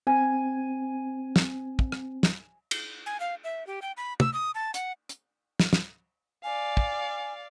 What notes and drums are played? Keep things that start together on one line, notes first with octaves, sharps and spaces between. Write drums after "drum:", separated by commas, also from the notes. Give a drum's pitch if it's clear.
C4 G#5
drum: snare
drum: kick
drum: rim click
drum: snare
drum: cymbal
G#5
F5
E5
G4
G5
B5
E6, drum: tom
D#6
A5
F#5, drum: hi-hat
drum: hi-hat
drum: snare
drum: snare
D5 F5 G#5
drum: kick